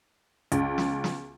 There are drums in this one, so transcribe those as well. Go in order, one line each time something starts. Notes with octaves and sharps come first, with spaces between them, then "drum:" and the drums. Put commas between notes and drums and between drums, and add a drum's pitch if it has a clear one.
C#2, drum: hi-hat
drum: snare
drum: snare